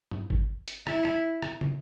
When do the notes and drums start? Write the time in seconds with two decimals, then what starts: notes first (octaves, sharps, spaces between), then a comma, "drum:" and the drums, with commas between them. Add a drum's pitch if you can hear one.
0.11 drum: tom G2
0.30 drum: kick G1
0.68 drum: hi-hat
0.87 E4, drum: rim click
1.05 drum: rim click
1.42 drum: rim click
1.61 drum: tom